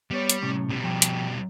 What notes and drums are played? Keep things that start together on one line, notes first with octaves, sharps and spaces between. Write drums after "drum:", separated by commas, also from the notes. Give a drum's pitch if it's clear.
G3 B3 C#5
drum: hi-hat
A2 C3 C#4
B2 G3
F3 G5
drum: hi-hat